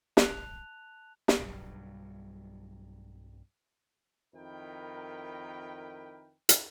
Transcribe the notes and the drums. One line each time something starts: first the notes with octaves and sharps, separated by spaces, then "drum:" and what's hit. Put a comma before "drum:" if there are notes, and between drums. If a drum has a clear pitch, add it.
A5 F#6 F7, drum: snare
drum: snare
B1 G2 F#3 G3
F2 D#3 E4 A#4 B4 G5
drum: hi-hat